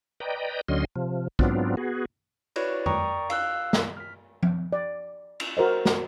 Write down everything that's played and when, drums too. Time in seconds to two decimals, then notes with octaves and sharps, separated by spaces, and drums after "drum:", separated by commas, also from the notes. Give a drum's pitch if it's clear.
0.20 B4 D5 D#5 G5 A#5
0.68 D2 D3 F#3 C#4 D#5 C6
0.96 C3 F3
1.39 G#2 F#3 B3 C4 D4 F4, drum: kick
1.77 B3 F#4 G#4
2.56 E4 F#4 B4 C#5 D5, drum: cymbal
2.86 A#4 D5 G5 A#5 C#6 D#6, drum: tom F2
3.30 F5 E6 F#6, drum: cymbal
3.73 drum: snare
3.97 F6 B6
4.43 drum: tom F3
4.73 D5
5.40 drum: cymbal
5.57 F#4 A#4 C5 D#5
5.85 F#4, drum: snare